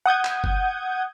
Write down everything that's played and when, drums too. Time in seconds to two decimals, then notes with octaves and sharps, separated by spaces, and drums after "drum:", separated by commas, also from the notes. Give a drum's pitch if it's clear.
0.06 F#5 D#6 G6 G#6
0.25 drum: clap
0.44 drum: kick